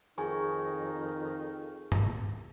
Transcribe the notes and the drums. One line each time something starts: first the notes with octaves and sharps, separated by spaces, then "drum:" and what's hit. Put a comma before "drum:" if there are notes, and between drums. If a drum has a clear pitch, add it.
F2 D#3 D#4 G#4 G#5 C#6
drum: tom G2